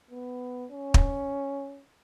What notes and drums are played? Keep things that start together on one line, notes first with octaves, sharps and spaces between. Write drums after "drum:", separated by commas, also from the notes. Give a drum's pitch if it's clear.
B3
C#4
drum: kick